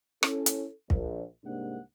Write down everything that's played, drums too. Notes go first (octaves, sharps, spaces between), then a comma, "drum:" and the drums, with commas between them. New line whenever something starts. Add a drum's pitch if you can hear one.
C#4 E4 A4, drum: rim click
drum: hi-hat
A#1, drum: kick
C2 G#2 C3 A#3 D4 F#5